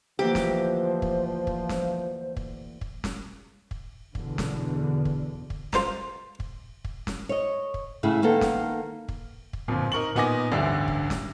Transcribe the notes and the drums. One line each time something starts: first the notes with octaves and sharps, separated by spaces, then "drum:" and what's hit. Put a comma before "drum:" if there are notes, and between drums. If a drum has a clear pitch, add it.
D2 E3 F3 A#3 G4 C5
drum: snare
drum: kick
drum: kick
drum: snare
drum: kick
drum: kick
drum: snare
drum: kick
E2 B2 D3, drum: kick
drum: snare
drum: kick
drum: kick
F4 C5 D5 A#5, drum: snare
drum: kick
drum: kick
drum: snare
C#5 D#5
drum: kick
A2 C#3 E4 G#4
D#3 A#3 B3 A4
drum: snare
drum: kick
drum: kick
G1 F2 A#2
D#4 A#4 C#6 F#7
A#2 B3 D#4 G#5 D6 A#6
A1 D2 G2 D3 G3
drum: kick
drum: snare